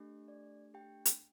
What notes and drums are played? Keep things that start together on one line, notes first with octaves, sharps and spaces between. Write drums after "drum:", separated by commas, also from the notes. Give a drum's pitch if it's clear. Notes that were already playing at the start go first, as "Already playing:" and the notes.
Already playing: A3 D4 G4
D5
G4 G5
drum: hi-hat